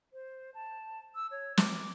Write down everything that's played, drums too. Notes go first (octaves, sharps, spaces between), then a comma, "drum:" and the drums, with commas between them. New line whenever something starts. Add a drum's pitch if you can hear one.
C5
A5
E6
C#5
D6, drum: snare